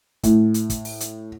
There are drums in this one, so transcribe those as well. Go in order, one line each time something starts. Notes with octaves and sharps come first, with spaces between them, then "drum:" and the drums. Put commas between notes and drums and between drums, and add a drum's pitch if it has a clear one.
A2, drum: kick, hi-hat
drum: hi-hat
drum: kick, hi-hat
drum: open hi-hat
drum: hi-hat